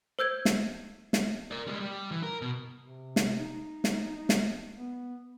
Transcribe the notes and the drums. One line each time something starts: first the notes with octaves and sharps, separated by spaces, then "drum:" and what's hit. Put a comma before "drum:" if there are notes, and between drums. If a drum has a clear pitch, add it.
C5 E6 G6 G#6
drum: snare
drum: snare
A#4 D5
G3 G#3
G3
E3
A#4
B2
C3
drum: snare
D#4
drum: snare
drum: snare
B3